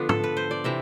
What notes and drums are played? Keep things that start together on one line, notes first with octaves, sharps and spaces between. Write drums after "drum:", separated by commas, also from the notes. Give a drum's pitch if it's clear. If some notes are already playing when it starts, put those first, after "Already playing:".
Already playing: D3 F3 B3 D4
A4, drum: tom
B4
C5
D5
C3 E3 E5